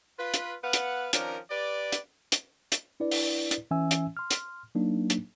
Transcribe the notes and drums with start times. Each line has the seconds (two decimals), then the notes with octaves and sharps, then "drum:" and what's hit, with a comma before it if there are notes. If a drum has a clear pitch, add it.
0.18 F4 B4
0.34 drum: hi-hat
0.63 B3 B4 F5 F#5
0.73 drum: hi-hat
1.13 D#3 F3 C#4 D4 A#4, drum: hi-hat
1.50 G4 B4 D5
1.92 drum: hi-hat
2.32 drum: hi-hat
2.72 drum: hi-hat
3.00 D4 E4 B4 D5
3.11 drum: open hi-hat
3.51 drum: hi-hat
3.71 E3 C#4 E5 G#5 E6
3.91 drum: hi-hat
4.17 C6 F6
4.31 drum: hi-hat
4.75 F#3 A#3 D4 D#4
5.10 drum: hi-hat